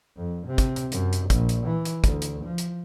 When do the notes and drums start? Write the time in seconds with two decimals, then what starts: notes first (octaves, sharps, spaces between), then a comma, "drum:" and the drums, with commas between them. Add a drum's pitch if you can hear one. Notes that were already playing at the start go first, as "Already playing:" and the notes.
0.17 F2
0.47 C3
0.58 drum: kick, hi-hat
0.76 drum: hi-hat
0.92 F#2, drum: hi-hat
1.13 drum: hi-hat
1.30 A#1, drum: kick, hi-hat
1.49 drum: hi-hat
1.66 E3
1.85 drum: hi-hat
2.04 D2, drum: kick, hi-hat
2.22 drum: hi-hat
2.44 F3
2.58 drum: hi-hat